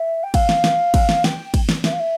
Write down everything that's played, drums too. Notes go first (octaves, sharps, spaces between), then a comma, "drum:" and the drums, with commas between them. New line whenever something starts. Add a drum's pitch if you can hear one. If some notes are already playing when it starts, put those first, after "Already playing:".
Already playing: E5
G5
F5, drum: kick, cymbal
drum: snare
drum: snare
drum: kick, cymbal
drum: snare
G5, drum: snare
drum: kick, cymbal
drum: snare
E5, drum: snare
F5
E5